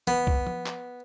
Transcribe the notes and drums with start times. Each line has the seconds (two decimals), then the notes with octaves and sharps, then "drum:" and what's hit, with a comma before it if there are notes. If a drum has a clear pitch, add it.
0.07 B3, drum: tom E3
0.27 drum: kick C2
0.47 drum: tom F3
0.66 drum: clap